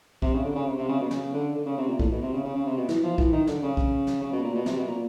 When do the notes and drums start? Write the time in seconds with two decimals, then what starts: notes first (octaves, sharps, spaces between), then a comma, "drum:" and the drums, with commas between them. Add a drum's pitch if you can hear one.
0.22 C3, drum: kick
0.34 C#3
0.45 D3
0.56 C#3
0.67 C3
0.78 C3
0.89 C#3
1.00 B2
1.11 C#3, drum: snare
1.34 D3
1.56 D3
1.66 C#3
1.78 C3
1.89 A#2
1.99 A2, drum: kick
2.11 B2
2.23 C3
2.33 C#3
2.44 C#3
2.55 C#3
2.66 C3
2.77 B2
2.89 E3, drum: snare
3.03 F3
3.18 E3, drum: kick
3.33 D#3
3.47 D3, drum: snare
3.62 C#3
3.77 drum: kick
4.07 drum: snare
4.22 C#3
4.33 B2
4.44 A#2
4.55 B2
4.66 C3, drum: snare
4.77 B2
4.88 A#2